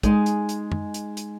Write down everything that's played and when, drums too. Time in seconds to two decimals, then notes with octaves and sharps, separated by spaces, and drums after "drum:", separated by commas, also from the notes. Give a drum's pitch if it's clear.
0.03 G#3 D#4 G#4 D#5, drum: kick, hi-hat
0.26 drum: hi-hat
0.49 drum: hi-hat
0.72 drum: tom
0.94 drum: hi-hat
1.17 drum: hi-hat